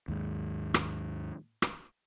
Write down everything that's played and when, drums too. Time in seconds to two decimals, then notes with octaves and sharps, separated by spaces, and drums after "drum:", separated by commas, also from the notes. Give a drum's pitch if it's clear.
0.08 D#2 G#2
0.74 drum: rim click
1.62 drum: rim click